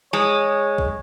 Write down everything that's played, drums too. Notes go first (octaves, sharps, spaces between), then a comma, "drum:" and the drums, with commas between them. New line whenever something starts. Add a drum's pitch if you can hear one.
G#3 C#5
drum: kick A#1